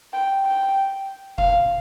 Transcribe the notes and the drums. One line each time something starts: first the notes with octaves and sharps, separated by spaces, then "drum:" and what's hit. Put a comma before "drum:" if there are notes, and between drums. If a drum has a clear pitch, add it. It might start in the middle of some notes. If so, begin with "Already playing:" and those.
G5
G5
F5, drum: kick F1